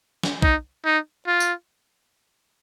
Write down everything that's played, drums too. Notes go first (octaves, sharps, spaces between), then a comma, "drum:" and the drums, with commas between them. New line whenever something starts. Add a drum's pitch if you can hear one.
drum: snare
D#4, drum: kick
D#4
F4
drum: tambourine